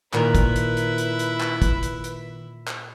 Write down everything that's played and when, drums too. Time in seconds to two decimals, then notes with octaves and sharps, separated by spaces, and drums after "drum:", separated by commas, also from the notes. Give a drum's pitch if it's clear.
0.13 A#2 D#3 E4 A#4 B4 E5, drum: clap
0.35 drum: kick, hi-hat
0.56 drum: hi-hat
0.77 drum: hi-hat
0.98 drum: hi-hat
1.19 drum: hi-hat
1.40 drum: clap
1.62 drum: kick, hi-hat
1.83 drum: hi-hat
2.04 drum: hi-hat
2.67 drum: clap